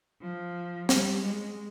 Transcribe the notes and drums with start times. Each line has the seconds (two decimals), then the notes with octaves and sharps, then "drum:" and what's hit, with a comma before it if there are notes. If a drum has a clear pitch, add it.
0.22 F3
0.89 G3, drum: snare
1.22 G#3